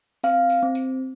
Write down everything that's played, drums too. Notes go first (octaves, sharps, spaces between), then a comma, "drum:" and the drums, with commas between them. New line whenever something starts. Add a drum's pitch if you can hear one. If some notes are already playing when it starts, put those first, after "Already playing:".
C4 F5, drum: tambourine
drum: tambourine
C4
drum: tambourine